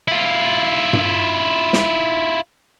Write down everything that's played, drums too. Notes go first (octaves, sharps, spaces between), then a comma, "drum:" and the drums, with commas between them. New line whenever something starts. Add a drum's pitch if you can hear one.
E4 F4
drum: tom G2
drum: snare